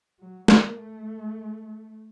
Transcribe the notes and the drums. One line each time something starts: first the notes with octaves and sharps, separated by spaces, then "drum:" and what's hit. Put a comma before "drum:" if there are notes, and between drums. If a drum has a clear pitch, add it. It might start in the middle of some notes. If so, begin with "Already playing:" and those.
F#3
A#3, drum: snare
A3